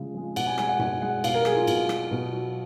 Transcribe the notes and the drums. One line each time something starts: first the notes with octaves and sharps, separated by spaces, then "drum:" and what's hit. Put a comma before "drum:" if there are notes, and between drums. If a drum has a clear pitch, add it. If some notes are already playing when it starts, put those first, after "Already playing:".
Already playing: C#3 F3 G#3
F3 G#3
B2 F#5, drum: cymbal
G#5
G#3 G#5, drum: rim click
F#5
B2 G#5, drum: tom F#2
G#3 F#5
B2 F5, drum: cymbal
A#4
F#3 G#4, drum: rim click
F4
B2, drum: cymbal
F#3, drum: rim click
B2
F#3